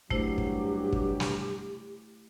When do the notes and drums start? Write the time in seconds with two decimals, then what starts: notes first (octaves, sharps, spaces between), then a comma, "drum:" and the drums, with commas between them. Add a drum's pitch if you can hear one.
0.10 G2 F#3 A3 E4 G4 C5, drum: kick
0.38 drum: kick
0.93 drum: kick
1.20 drum: snare